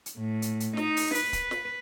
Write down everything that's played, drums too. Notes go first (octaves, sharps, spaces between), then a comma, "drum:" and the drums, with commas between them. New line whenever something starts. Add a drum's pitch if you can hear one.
drum: hi-hat
A2
drum: hi-hat
drum: hi-hat
D#4, drum: snare
drum: open hi-hat
B4, drum: hi-hat
drum: kick, hi-hat
drum: snare